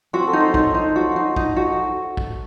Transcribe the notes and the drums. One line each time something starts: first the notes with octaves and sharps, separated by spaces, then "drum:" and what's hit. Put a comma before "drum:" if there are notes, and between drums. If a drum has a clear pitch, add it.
C4 F#4
A4
D#4
C5
D#4 C#5, drum: kick
D#4 C5
F#4
D#4
D#4, drum: kick
F#4
drum: kick